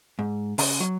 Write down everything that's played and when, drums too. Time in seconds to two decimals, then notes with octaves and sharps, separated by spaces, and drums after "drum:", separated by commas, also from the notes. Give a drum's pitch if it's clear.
0.19 G#2
0.58 C#3, drum: open hi-hat
0.80 F#3